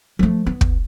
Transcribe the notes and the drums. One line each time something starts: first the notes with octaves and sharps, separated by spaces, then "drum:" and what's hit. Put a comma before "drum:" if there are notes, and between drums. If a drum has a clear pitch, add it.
F3 A3
B3
drum: kick